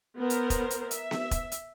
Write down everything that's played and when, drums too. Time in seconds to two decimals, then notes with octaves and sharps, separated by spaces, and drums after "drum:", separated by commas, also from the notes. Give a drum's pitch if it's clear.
0.17 B3 A#4 C5
0.30 drum: hi-hat
0.50 drum: kick E1, hi-hat
0.70 drum: hi-hat
0.91 E5, drum: hi-hat
1.11 drum: snare B3
1.31 drum: kick E1, hi-hat
1.52 drum: hi-hat